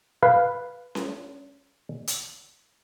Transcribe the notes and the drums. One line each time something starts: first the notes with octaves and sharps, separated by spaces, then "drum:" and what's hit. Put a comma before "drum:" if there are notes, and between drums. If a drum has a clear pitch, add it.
B4 F5
drum: snare C#4
drum: hi-hat